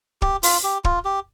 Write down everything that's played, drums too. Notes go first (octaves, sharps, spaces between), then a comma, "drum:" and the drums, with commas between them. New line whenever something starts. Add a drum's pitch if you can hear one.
G4, drum: kick
F4, drum: open hi-hat
G4
F4, drum: kick
G4